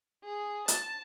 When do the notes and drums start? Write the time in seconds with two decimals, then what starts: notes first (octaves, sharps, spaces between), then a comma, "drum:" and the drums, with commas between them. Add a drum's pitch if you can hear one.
0.24 G#4
0.68 A5, drum: hi-hat